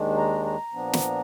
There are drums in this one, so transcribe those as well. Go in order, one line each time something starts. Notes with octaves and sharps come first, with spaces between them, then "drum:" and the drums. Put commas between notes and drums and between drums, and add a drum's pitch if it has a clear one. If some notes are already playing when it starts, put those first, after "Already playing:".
Already playing: D#2 D#3 G#3 D4
A#5
A#5
A#2 F3 B3 D4
drum: snare